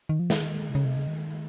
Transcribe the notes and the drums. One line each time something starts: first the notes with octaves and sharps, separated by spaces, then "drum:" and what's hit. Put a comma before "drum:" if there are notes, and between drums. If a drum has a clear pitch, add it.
D#3
F3
D#3, drum: snare
C3
C#3
C3
C#3
D#3